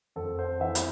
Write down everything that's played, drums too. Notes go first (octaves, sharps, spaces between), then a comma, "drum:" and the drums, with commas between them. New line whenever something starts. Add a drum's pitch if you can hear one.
F2 A4
C5
E3 E5
drum: hi-hat